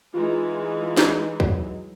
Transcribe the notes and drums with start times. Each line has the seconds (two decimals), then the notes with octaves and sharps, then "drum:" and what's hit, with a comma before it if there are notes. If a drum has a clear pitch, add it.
0.14 E3 G#3 D#4 F4
0.97 drum: snare
1.40 F#3, drum: kick